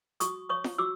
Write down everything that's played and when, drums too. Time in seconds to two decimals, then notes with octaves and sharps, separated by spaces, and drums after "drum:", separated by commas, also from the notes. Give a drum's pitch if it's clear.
0.20 F#4 C#6 D#6, drum: hi-hat
0.49 C#5 C#6 D#6
0.64 drum: snare F4
0.78 F#4 D6 E6